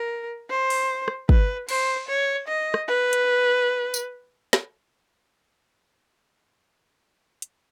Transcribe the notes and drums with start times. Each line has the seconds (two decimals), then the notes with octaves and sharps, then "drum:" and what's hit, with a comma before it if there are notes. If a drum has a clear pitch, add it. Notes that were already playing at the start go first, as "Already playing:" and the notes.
Already playing: A#4
0.50 C5
0.70 drum: open hi-hat
1.08 drum: rim click
1.29 B4, drum: kick
1.69 C5, drum: cymbal
2.08 C#5
2.48 D#5
2.74 drum: rim click
2.88 B4
3.13 drum: hi-hat
3.94 drum: tambourine
4.53 drum: snare
7.42 drum: hi-hat